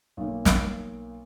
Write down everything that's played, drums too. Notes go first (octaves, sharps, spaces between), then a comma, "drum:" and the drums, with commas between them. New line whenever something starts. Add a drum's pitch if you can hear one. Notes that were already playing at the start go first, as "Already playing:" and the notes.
B1 A#3
drum: snare